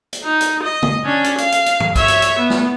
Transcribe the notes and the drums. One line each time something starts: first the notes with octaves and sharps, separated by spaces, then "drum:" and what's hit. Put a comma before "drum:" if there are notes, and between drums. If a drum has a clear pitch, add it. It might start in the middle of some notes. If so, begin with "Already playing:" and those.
drum: hi-hat
D#4
drum: hi-hat
D#5
drum: tom
C#4 D4
drum: hi-hat
F5, drum: hi-hat
drum: hi-hat
drum: hi-hat
drum: tom G2
C#5 E5, drum: kick, hi-hat
drum: hi-hat
drum: hi-hat
B3
drum: snare